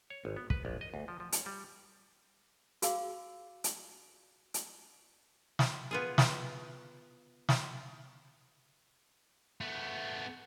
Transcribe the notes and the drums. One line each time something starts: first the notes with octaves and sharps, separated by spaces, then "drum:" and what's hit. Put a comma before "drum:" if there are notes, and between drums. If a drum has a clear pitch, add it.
C#5
G#1
B3
B4, drum: kick
A#1
D#5
D2
F3
F3
C#5, drum: hi-hat
G3
F#4 G#4 F5 E6, drum: hi-hat
drum: hi-hat
drum: hi-hat
drum: snare
B3 F4 G#4
drum: snare
drum: snare
A3 B3